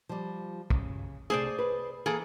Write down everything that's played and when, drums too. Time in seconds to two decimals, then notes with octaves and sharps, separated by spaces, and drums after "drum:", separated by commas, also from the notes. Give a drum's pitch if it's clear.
0.09 F3 G3
0.70 C#3, drum: kick
1.30 C3 A3 G#4 C5 D5
1.59 B4
2.06 E3 A#3 G#4 A4